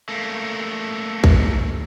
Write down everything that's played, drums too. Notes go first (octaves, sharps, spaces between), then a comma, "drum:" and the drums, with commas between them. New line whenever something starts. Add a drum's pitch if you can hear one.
A3 A#3
drum: kick